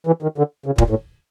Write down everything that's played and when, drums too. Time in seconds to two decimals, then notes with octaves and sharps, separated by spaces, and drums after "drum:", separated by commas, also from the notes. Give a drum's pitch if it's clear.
0.07 E3
0.22 D#3
0.38 D3
0.66 C#3
0.78 A#2, drum: kick
0.90 A2